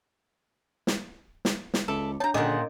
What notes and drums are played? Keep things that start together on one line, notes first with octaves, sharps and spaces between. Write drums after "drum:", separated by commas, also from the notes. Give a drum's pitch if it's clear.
drum: snare
drum: snare
drum: snare
C#2 A4 D5 E5
D4 C#5 A5 A#5
A#2 D3 D#3 C#4 G#4 D#5 F#5 D6